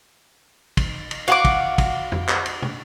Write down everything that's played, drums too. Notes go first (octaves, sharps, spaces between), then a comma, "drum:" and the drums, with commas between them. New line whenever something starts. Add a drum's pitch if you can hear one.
drum: kick, cymbal
drum: cymbal
F#4 F5 F#5 D6
drum: kick, cymbal
drum: kick, cymbal
drum: tom F2
drum: clap
drum: cymbal
drum: tom